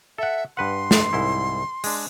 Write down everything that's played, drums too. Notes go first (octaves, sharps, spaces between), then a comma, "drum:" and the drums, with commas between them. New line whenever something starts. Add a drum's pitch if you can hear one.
A4 E5 F#5
G2 B4 F#5 C6
drum: snare
C2 G#2 E4
G#3 D4, drum: open hi-hat